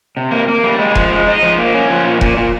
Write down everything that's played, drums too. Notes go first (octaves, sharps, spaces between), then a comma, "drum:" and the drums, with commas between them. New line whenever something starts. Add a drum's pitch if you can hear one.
C3
A#3
A#3
G3
G#3
F3, drum: kick F1
G#3
D#4
F3
A#3
C#4
F3
A#2
A#2, drum: kick F1
A#2